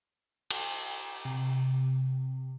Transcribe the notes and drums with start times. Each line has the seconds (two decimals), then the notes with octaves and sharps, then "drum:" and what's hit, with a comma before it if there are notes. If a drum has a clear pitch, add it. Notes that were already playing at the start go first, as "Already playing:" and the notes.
0.51 drum: cymbal
1.25 C3